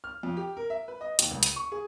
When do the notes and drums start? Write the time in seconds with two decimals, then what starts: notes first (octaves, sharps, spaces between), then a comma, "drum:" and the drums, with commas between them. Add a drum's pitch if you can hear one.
0.04 F6
0.23 F2
0.37 G4
0.57 A#4
0.70 E5
0.88 B4
1.01 D#5
1.19 D#2, drum: hi-hat
1.31 C#2
1.43 D#7, drum: hi-hat
1.56 C#6
1.72 G#4